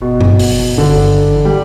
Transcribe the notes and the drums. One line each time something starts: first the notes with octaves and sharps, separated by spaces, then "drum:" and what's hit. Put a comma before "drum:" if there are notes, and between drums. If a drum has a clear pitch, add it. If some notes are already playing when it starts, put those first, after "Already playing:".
G1 B2
G2, drum: tom G2
G1, drum: open hi-hat
E3
G1 D3
G2
G1
E3
G3